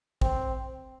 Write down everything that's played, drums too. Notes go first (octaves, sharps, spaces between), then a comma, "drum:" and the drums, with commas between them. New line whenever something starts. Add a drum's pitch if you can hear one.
C4, drum: kick